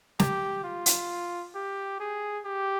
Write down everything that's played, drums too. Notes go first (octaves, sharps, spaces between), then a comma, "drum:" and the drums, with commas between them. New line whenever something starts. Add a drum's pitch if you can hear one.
G4, drum: snare
F4
drum: hi-hat
G4
G#4
G4